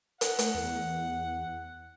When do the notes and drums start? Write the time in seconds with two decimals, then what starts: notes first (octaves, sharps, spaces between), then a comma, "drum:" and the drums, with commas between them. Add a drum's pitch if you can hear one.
0.21 F#5, drum: hi-hat
0.39 A3, drum: hi-hat
0.55 E2